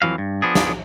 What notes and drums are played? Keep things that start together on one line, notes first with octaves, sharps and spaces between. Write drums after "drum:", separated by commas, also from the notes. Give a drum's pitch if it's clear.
F2 C3 E3 F#3 F5
G2
F3 B3 D4 G#4
drum: snare